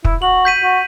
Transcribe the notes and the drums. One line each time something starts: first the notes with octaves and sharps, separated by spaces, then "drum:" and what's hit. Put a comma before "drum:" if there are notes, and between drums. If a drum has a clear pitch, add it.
E4, drum: kick
F#4 F#7
G6 B6 D#7
F#4